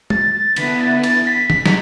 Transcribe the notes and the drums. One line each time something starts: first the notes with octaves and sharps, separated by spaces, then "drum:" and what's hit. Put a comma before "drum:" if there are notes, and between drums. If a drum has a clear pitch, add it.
A6, drum: tom
A6
D3 B3 E4 B6, drum: cymbal
A6
A6, drum: cymbal
B6
B6, drum: tom
drum: snare